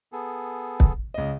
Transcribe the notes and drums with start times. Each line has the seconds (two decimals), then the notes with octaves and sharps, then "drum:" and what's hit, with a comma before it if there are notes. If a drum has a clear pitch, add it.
0.13 B3 G#4 A4
0.80 drum: kick
1.14 C#2 D#5